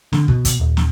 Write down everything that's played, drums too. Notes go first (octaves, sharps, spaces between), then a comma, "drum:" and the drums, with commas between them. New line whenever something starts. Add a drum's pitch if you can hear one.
D3, drum: snare
B2, drum: kick
drum: kick, hi-hat
D#1
drum: snare